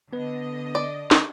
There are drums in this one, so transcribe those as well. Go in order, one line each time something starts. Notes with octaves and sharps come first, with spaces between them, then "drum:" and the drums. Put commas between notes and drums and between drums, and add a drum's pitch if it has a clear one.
D3 B3 B4 D#5
D5
drum: snare